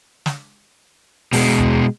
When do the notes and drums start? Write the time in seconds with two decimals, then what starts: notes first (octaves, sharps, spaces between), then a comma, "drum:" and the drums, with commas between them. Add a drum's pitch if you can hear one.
0.26 drum: snare
1.33 B2 G#3, drum: open hi-hat
1.59 drum: tom D#2